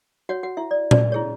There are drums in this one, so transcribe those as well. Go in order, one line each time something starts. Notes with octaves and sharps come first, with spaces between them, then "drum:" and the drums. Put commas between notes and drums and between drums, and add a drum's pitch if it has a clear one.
F#4 C#5 F#5
F#4 F#5
E4 E5
D5
D5, drum: tom A#2
E4 G#4 C#5